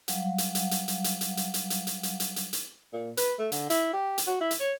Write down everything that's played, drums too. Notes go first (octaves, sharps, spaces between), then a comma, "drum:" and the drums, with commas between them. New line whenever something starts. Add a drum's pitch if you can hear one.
F#3 G3 F5 F#5, drum: hi-hat
drum: hi-hat
drum: hi-hat
drum: hi-hat
drum: hi-hat
drum: hi-hat
drum: hi-hat
drum: hi-hat
drum: hi-hat
drum: hi-hat
drum: hi-hat
drum: hi-hat
drum: hi-hat
drum: hi-hat
drum: hi-hat
A#2
B4, drum: hi-hat
A3
D3, drum: hi-hat
E4, drum: hi-hat
G4
drum: hi-hat
F#4
E4
drum: hi-hat
C#5